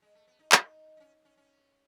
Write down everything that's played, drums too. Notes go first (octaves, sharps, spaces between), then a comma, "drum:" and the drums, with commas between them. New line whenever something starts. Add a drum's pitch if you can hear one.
G#3
A3
B3
D#4
D#4, drum: clap
D#4
C#4
C#4
C#4